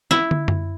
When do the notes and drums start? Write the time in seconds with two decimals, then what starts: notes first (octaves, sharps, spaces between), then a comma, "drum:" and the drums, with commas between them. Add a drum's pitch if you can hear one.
0.11 E4, drum: snare
0.31 drum: tom
0.48 drum: tom F#2